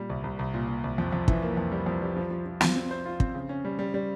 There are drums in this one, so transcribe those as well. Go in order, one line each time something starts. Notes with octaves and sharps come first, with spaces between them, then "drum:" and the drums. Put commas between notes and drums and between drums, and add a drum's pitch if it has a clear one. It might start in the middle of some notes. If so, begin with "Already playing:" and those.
Already playing: A#2 G3
C2
C2
C2
A#2
A#2
C2
F2
F2
E3, drum: kick
A#3
F2
G3
F2
G3
F3
F3
F3
F4, drum: snare
C4
C5
F4
C4, drum: kick
C#3
C#4
G3
G3
G3